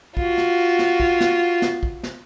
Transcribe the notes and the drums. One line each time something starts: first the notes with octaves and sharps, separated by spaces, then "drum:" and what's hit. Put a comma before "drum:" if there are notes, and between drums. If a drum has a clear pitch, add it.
F4 F#4, drum: kick
drum: snare
drum: snare
drum: kick
drum: snare
drum: snare
drum: kick
drum: snare